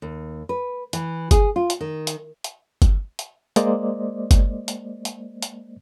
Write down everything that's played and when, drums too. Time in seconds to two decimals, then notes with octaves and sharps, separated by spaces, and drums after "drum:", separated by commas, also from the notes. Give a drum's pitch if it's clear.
0.02 D#2
0.49 B4
0.93 E3, drum: hi-hat
1.31 G#4, drum: kick G1, hi-hat
1.56 F4
1.70 drum: hi-hat
1.81 D#3
2.07 drum: hi-hat
2.44 drum: hi-hat
2.82 drum: kick G1, hi-hat
3.19 drum: hi-hat
3.56 G#3 A#3 C5 D5 D#5, drum: hi-hat
4.31 drum: kick G1, hi-hat
4.68 drum: hi-hat
5.05 drum: hi-hat
5.42 drum: hi-hat